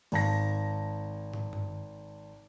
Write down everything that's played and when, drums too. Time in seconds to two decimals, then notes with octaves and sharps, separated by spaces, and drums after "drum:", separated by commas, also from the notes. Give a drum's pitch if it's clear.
0.12 G#1 A5 A#6, drum: cymbal
1.34 drum: tom
1.53 drum: tom G2